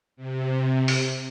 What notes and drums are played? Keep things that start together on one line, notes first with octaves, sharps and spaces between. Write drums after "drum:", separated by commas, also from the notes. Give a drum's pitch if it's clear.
C3
drum: open hi-hat